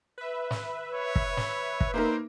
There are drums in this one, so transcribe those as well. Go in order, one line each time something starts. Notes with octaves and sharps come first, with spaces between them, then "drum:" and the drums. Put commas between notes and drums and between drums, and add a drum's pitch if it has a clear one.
B4 E5
drum: snare
C#5
drum: kick
drum: snare
drum: kick
A#3 D#4 A#4 C5